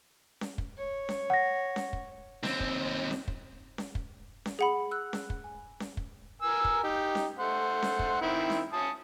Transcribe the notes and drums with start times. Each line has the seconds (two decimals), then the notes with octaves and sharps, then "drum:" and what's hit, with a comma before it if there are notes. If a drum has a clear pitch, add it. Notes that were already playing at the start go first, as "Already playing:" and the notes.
0.41 drum: snare C#4
0.58 drum: kick
0.78 C#5
1.09 drum: snare C#4
1.30 F#5 A#6
1.76 drum: snare C#4
1.93 drum: kick
2.43 D#2 C4, drum: snare C#4
2.60 drum: kick
3.11 drum: snare C#4
3.28 drum: kick
3.78 drum: snare C#4
3.95 drum: kick
4.46 drum: snare C#4
4.59 G#4 F#5 B5
4.91 E6 F#6
5.13 drum: snare C#4
5.30 drum: kick
5.44 G#5
5.80 drum: snare C#4
5.97 drum: kick
6.42 A#4 G#5 E6
6.65 drum: kick
6.83 D#4 G4
7.15 drum: snare C#4
7.39 A3 C5 F#5
7.82 drum: snare C#4
7.99 drum: kick
8.21 D#3 C4 E4
8.50 drum: snare C#4
8.73 C#4 A5 D#6